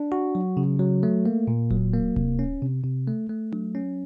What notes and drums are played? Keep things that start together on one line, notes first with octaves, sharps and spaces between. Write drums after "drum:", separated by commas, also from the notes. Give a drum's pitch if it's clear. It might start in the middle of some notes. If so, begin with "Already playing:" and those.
Already playing: D4
F#4
F#3
C#3
F#3
A3
A#3
A#2
F#3, drum: kick D1
A#3
C3, drum: kick D1
C#4
C3
C3
A3
A3
F#3, drum: tom D4
C#4